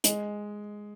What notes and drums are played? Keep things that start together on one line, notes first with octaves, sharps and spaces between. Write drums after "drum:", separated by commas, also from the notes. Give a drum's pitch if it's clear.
G#3, drum: hi-hat